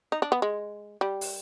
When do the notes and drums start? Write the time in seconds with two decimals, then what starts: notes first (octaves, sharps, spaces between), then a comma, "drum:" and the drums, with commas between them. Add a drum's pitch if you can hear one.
0.12 D#4
0.22 D4
0.32 B3
0.42 G#3
1.01 G3
1.21 drum: open hi-hat